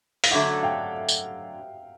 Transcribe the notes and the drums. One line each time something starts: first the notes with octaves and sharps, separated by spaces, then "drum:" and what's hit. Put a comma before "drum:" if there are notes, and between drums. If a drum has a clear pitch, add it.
F5, drum: open hi-hat
F#2 D3 F#3 A3 E5 F#5
F5 G5
drum: tambourine